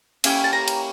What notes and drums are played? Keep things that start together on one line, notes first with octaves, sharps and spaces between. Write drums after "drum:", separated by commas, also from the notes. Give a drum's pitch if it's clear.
A#3 C#4 E4 G4, drum: cymbal
A5
A#5
drum: cymbal